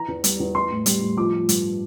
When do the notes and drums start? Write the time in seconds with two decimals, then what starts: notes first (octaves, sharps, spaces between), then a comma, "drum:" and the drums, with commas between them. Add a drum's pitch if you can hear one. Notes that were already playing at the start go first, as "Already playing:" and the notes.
Already playing: E3 A#5
0.08 E2
0.24 G3, drum: hi-hat
0.40 E2
0.55 E3 C6
0.70 A2
0.86 G3, drum: hi-hat
1.01 A2
1.17 F3 D6
1.33 F3
1.49 G2, drum: hi-hat